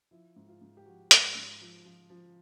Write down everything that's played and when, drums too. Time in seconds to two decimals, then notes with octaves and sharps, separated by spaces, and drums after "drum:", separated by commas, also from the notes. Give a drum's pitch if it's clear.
0.11 F3 E4
0.36 G#2
0.49 F4
0.61 G#2
0.77 G4
0.85 F3 F#4
1.11 G#2, drum: hi-hat
1.35 G#2
1.61 F3
1.85 F3
2.10 F3